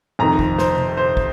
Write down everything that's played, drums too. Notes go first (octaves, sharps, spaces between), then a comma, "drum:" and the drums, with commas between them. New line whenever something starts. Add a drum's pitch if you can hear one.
F2 C3 D#3 A#5
drum: kick
C5, drum: snare
drum: tom C3
C5
drum: kick